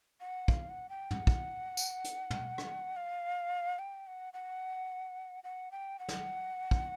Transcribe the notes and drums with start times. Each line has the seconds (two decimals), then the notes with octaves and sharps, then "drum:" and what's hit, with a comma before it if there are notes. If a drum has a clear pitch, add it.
0.20 F#5
0.48 F5, drum: kick
0.69 F#5
0.89 G5
1.11 F#5, drum: tom
1.27 drum: kick
1.77 drum: tambourine
2.04 drum: hi-hat
2.31 drum: tom
2.58 drum: rim click
2.96 F5
3.79 G5
4.07 F#5
4.33 F#5
5.44 F#5
5.71 G5
5.99 F#5
6.08 drum: snare
6.71 drum: kick